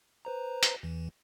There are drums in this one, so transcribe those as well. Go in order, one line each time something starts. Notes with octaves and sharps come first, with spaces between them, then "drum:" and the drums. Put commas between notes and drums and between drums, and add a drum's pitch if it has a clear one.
B4 C5 A#5
drum: hi-hat
E2 E3